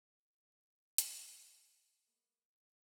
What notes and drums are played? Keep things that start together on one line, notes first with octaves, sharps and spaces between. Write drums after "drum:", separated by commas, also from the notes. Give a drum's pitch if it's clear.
F#4
drum: hi-hat
G#3 A#3 B3